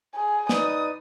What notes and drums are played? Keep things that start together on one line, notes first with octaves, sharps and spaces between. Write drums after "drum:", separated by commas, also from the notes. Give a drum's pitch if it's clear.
G#4
D#4 B4 D5 D#6, drum: snare